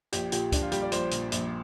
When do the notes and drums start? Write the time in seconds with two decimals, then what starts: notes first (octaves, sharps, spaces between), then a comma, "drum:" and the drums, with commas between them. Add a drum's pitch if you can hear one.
0.13 A#1 G4, drum: hi-hat
0.32 A#2 G4, drum: hi-hat
0.52 A#1 D4, drum: kick C#2, hi-hat
0.62 F4
0.72 G3 G4, drum: hi-hat
0.82 D5
0.92 A#1 C5, drum: hi-hat
1.11 A#2, drum: hi-hat
1.32 A#1, drum: hi-hat